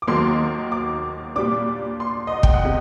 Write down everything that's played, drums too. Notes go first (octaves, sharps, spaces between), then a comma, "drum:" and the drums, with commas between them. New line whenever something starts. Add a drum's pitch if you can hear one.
D6
D#2 D#3 F#3 A#3 C6
D6
A#2 G3 D4 D6
C6
D#5
F#5
G5, drum: kick
F#5
C3 D#5